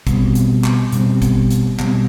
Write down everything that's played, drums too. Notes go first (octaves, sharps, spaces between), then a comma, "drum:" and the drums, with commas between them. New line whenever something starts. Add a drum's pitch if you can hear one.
B2 G3 C4, drum: kick, hi-hat
drum: hi-hat
drum: clap
B2 G3 C4, drum: hi-hat
drum: kick, hi-hat
drum: hi-hat
B2 G3 C4, drum: clap